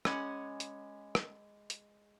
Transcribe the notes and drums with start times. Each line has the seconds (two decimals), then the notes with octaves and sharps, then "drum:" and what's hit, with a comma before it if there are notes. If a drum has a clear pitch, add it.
0.05 G#3 C#4 F#5 B5 D6 G#6, drum: rim click
0.60 drum: hi-hat
1.15 drum: rim click
1.70 drum: hi-hat